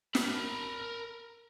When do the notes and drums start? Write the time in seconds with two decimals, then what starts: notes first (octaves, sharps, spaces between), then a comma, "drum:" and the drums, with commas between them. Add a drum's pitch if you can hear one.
0.15 A#4 B5, drum: snare